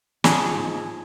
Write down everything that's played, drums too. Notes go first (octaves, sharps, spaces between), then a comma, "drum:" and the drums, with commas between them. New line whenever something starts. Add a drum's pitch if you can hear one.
F3 G#4, drum: snare
G#2